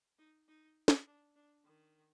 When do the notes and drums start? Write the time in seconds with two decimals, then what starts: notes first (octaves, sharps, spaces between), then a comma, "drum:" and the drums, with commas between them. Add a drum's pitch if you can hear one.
0.19 D#4
0.48 D#4
0.88 drum: snare
1.07 D4
1.36 D4
1.65 D#3